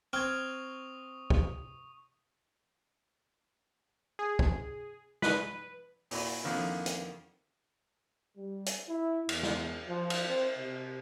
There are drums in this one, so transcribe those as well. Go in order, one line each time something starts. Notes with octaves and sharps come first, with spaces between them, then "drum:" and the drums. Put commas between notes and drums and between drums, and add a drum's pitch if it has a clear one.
C4 C#6 D#6 F6 G#6
drum: kick
G#4
drum: kick
B4, drum: snare
A#2 E4 F#4 B5, drum: open hi-hat
F2 D3 D#3 F3 A#3 E4
drum: hi-hat
G3
drum: hi-hat
E4
E2, drum: cymbal
drum: snare
F3
drum: cymbal
C4
C3